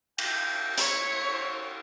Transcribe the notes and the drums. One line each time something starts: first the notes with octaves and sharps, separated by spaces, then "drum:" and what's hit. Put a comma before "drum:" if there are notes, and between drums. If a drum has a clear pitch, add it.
G5, drum: cymbal
E4 C#5, drum: hi-hat